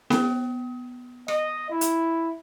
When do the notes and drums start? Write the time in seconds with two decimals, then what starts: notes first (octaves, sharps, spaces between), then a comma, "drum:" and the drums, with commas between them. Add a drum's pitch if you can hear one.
0.10 B3, drum: snare C4
1.28 D#5, drum: rim click
1.70 E4
1.81 drum: hi-hat